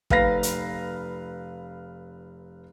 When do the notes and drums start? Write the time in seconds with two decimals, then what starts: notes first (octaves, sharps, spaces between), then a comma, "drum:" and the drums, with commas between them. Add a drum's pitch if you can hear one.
0.10 F1 B4 F5 A#6, drum: kick
0.43 drum: hi-hat